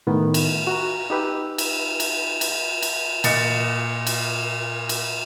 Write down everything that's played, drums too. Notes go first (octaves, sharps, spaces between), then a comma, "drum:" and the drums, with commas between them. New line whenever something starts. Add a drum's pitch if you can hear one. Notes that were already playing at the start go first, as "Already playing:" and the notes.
A2 D#3 B3
drum: cymbal
F#4 A#5
D#4 G4 B4 E6
drum: cymbal
drum: cymbal
drum: cymbal
drum: cymbal
A#2 D#5 A6 C#7, drum: cymbal
drum: cymbal
drum: cymbal